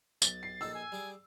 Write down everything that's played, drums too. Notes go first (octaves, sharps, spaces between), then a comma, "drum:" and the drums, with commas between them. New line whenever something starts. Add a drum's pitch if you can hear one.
B1 A6, drum: tambourine
C7
A#1 D#4 A4 E6
G#5
G3 G#4 D6